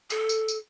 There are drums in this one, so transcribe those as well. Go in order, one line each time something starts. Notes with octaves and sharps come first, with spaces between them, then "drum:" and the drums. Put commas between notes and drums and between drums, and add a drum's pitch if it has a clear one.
A4, drum: tambourine
drum: tambourine
drum: tambourine